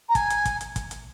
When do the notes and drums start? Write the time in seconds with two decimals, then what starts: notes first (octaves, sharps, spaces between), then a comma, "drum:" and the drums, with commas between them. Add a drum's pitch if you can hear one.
0.08 A#5
0.15 G#5, drum: kick, hi-hat
0.30 drum: hi-hat
0.45 drum: kick, hi-hat
0.61 drum: hi-hat
0.76 drum: kick, hi-hat
0.91 drum: hi-hat